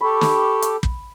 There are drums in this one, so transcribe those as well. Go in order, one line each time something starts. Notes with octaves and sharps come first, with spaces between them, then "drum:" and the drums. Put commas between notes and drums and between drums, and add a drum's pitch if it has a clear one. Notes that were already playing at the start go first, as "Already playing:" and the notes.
G4 A4 B5 C#6
drum: snare
drum: hi-hat
drum: kick